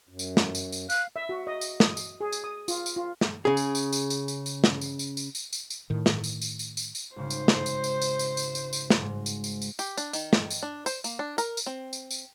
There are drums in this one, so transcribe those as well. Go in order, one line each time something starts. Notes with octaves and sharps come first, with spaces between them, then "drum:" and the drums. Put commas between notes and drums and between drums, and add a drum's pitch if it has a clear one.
F#2
drum: tambourine
drum: snare
drum: tambourine
drum: tambourine
F5 F#6, drum: tambourine
E5
F#4
D#5
drum: tambourine
D#6, drum: snare
drum: tambourine
G#4
drum: tambourine
D#6
F4, drum: tambourine
drum: tambourine
F4
drum: snare
C#3 G#4
drum: tambourine
drum: tambourine
drum: tambourine
drum: tambourine
drum: tambourine
drum: tambourine
drum: snare
drum: tambourine
drum: tambourine
drum: tambourine
drum: tambourine
drum: tambourine
drum: tambourine
A2 D#3
drum: snare
drum: tambourine
drum: tambourine
drum: tambourine
drum: tambourine
drum: tambourine
G#1 C#3 C5
drum: tambourine
drum: snare
drum: tambourine
drum: tambourine
drum: tambourine
drum: tambourine
drum: tambourine
drum: tambourine
drum: tambourine
drum: snare
G#2
drum: tambourine
drum: tambourine
drum: tambourine
G4, drum: tambourine
D4, drum: tambourine
D#3, drum: tambourine
drum: snare
drum: tambourine
D4
C5, drum: tambourine
A#3, drum: tambourine
D4
A#4, drum: tambourine
drum: tambourine
C4
drum: tambourine
drum: tambourine